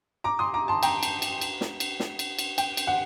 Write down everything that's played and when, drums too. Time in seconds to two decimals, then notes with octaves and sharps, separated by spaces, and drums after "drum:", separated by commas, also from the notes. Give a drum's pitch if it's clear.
0.24 A#5 D6
0.39 C6 D#6
0.54 A#5 D6
0.68 A5 C6
0.83 G5 A#5, drum: cymbal
1.03 drum: cymbal
1.22 drum: cymbal
1.41 drum: cymbal
1.61 drum: snare
1.80 drum: cymbal
2.00 drum: snare
2.19 drum: cymbal
2.39 drum: cymbal
2.58 G5, drum: cymbal
2.77 drum: cymbal
2.87 F#5